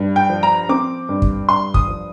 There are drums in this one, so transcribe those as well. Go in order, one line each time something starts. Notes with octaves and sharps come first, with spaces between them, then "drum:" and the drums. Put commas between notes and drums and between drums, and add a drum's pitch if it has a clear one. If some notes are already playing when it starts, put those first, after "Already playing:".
Already playing: G2
G5
F3
A#5
C4 D6
G2
drum: kick
G2 C6
D#6, drum: kick
F3